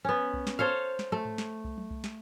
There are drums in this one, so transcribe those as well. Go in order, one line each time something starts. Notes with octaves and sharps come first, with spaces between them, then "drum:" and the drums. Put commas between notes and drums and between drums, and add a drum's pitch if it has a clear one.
B3 C#4
drum: kick C2
drum: snare
A4 C5 C#5 F5
drum: snare
A3
drum: tom G#2
drum: snare
drum: kick C2
drum: tom F#3
drum: kick C2
drum: snare